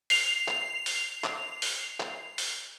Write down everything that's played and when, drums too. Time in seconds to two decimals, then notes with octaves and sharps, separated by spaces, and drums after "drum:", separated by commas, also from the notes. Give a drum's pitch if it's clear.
0.10 C7 F7, drum: open hi-hat
0.48 drum: clap
0.86 drum: open hi-hat
1.24 drum: clap
1.62 drum: open hi-hat
2.00 drum: clap
2.38 drum: open hi-hat